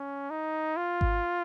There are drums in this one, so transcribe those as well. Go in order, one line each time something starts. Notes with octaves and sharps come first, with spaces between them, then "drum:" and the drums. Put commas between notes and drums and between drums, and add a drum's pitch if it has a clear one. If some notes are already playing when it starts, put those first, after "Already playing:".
Already playing: C#4
D#4
F4
drum: kick G#1